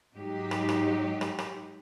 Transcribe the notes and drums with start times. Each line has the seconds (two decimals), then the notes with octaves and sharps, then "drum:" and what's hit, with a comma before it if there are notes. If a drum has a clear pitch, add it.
0.16 G#2 F#3 D#4 G4
0.51 drum: rim click
0.69 drum: rim click
1.21 drum: rim click
1.38 drum: rim click